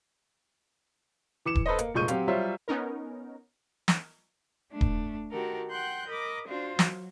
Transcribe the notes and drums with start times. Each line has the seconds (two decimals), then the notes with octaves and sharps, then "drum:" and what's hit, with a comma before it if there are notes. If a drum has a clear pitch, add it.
1.45 E3 D6 C#7 E7
1.55 drum: kick D#1
1.66 A4 B4 C5 D#5
1.79 A#3, drum: hi-hat
1.94 F1 A#2 G#3 C#6 G6 D#7
2.08 F#3 C4 G4 F5, drum: hi-hat
2.28 F#3 G3 F4 C5 C#5 E5
2.68 B3 C#4 D#4 A#4
3.88 drum: snare
4.72 A3 D4
4.81 drum: kick D#1
5.30 D#3 F#4 G4 A4 A#4
5.70 F#5 G5 C6 F#6 G6
6.07 A#4 D#5 B5 D6
6.47 D4 F4 F#4 C5
6.79 F#3, drum: snare